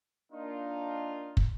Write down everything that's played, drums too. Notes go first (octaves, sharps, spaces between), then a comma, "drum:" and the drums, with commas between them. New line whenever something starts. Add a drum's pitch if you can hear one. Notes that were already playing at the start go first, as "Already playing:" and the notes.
A#3 D4 D#4 F4
drum: kick